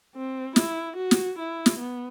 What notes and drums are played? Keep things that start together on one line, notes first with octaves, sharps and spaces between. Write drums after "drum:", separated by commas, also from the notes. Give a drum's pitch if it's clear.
C4
E4, drum: snare
F#4
drum: snare
E4
drum: snare
B3